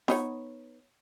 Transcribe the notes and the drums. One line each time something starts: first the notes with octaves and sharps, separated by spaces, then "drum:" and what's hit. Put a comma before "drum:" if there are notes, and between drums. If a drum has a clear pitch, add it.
B3 D#4 C#5, drum: snare F4